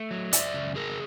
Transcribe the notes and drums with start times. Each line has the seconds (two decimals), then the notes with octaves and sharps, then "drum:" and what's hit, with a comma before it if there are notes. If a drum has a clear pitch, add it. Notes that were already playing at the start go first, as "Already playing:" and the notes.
Already playing: A3
0.11 F#3
0.33 F#2 D5 E5, drum: hi-hat
0.54 C#3
0.76 A3 G#4 A#4